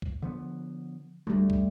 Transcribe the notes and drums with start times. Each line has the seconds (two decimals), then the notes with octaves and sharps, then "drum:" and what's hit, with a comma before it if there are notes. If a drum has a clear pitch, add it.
0.02 drum: kick
0.22 D3 F3 B3
1.27 D2 G3 A3
1.50 drum: kick